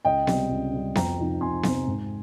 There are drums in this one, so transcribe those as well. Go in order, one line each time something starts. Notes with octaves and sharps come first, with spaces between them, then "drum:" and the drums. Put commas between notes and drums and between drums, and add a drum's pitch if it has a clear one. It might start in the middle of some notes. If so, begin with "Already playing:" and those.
C#2 D#5 G5
C3 G3, drum: snare B3
C#2
C3 G3
F2 G5 A#5, drum: snare B3
C3 F3 C4 D#4
F2 G#5 C6
C3 F3 C4 D#4, drum: snare B3
G#2